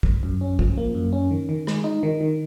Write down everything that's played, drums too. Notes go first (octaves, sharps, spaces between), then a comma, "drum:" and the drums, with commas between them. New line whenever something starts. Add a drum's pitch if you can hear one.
drum: kick
F#2
C#4
F3, drum: kick
A#3
F#2
C#4
D#3
D#3
G#3, drum: rim click
D#4
D#3
D#3